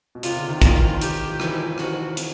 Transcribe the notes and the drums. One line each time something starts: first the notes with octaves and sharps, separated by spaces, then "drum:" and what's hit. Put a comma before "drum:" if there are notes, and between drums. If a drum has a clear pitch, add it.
B2
C3 F4, drum: hi-hat
D3
D#3
E3 F4, drum: kick, hi-hat
D#3
G4, drum: hi-hat
F3
E3, drum: rim click
F3
F#4, drum: rim click
drum: hi-hat